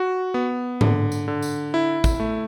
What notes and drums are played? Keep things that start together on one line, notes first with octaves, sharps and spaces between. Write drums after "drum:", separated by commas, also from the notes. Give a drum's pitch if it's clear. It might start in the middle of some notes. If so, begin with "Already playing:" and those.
Already playing: F#4
B3
D3, drum: tom G#2
drum: tambourine
D3
drum: tambourine
E4
drum: kick, tambourine
A3